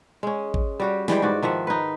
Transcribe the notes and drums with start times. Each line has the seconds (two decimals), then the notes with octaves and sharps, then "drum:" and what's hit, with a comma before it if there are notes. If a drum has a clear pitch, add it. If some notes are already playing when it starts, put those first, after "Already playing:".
0.23 G#3 C#4
0.54 drum: kick
0.80 G3 F#4 G4
1.08 E3 G3 G#3 G5, drum: snare
1.22 G#2 F#4 D5
1.43 D#3 F3 E5 F#5
1.67 D#4 B4